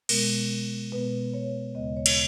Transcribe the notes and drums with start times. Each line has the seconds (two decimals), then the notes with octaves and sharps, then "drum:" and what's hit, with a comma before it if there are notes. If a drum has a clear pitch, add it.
0.09 B2 G#3 B3 A#4, drum: cymbal
0.92 B2 G#3 B3 B4
1.34 C#5
1.75 D#2 C#3 G#3 B3 D#5
1.97 C#5
2.06 drum: cymbal